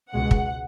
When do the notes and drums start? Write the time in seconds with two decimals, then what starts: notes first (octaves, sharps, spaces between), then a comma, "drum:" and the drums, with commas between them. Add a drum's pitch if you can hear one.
0.12 C#2 B2 G#3 F#5
0.31 drum: kick